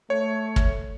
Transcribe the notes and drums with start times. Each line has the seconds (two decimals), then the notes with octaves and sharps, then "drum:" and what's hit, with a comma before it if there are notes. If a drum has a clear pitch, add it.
0.10 A3 C#5
0.56 drum: kick